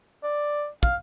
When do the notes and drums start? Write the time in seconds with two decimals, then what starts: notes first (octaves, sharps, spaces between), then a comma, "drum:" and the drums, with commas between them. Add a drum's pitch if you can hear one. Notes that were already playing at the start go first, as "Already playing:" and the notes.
0.23 D5
0.83 F5, drum: kick